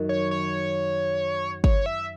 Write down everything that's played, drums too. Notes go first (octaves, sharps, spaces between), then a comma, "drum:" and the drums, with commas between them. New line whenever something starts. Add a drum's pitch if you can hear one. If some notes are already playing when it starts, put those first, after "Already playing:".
Already playing: F#2 D#3 F#3
C#5
C#5
C#5, drum: kick
E5